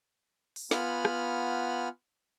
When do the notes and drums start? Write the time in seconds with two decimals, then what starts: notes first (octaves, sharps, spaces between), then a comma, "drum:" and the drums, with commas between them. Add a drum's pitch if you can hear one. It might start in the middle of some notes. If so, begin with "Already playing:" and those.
0.56 drum: open hi-hat
0.71 B3 F4 F#5 G#5 B5 F6, drum: snare
1.05 drum: rim click